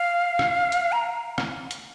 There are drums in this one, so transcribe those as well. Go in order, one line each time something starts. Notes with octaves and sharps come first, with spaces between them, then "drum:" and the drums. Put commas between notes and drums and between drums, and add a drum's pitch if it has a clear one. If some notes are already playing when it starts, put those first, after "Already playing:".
Already playing: F5
drum: rim click
drum: hi-hat
A#5
drum: rim click
drum: hi-hat